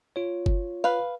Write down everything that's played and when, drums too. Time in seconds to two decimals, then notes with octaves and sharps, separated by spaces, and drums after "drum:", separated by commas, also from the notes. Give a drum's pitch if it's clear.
0.16 F4 C#5
0.46 drum: kick F#1
0.84 B4 F5